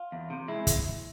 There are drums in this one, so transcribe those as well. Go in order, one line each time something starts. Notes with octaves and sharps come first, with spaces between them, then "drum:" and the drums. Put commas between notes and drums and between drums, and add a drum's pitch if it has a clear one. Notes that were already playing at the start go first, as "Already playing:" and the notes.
Already playing: F4
E2
C3
G#3 E4
drum: kick, hi-hat